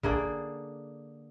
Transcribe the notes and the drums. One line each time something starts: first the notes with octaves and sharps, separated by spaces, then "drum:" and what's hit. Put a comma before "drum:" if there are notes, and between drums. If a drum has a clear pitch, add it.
D3 A#3 G#4 D5, drum: kick